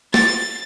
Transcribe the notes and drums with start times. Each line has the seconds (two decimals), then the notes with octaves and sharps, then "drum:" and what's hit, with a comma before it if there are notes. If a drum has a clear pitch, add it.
0.14 A6, drum: snare